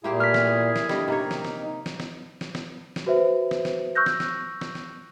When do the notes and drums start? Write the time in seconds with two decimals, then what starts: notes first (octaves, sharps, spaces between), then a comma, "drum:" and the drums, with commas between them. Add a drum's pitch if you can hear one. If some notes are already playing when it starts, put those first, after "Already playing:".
0.04 A#2 A#3 E4 G4 G#4 C5
0.20 A3 F6 B6
0.34 drum: snare
0.47 B3
0.76 drum: snare
0.89 D3 G3 D#5, drum: snare
1.08 C3 A#3 D#4 C#5
1.31 drum: snare
1.45 drum: snare
1.86 drum: snare
2.00 drum: snare
2.41 drum: snare
2.55 drum: snare
2.96 drum: snare
3.06 F#4 B4 C5 E5
3.51 drum: snare
3.65 drum: snare
3.95 C#6 E6 F#6 G6 A#6
4.06 drum: snare
4.20 drum: snare
4.61 drum: snare
4.75 drum: snare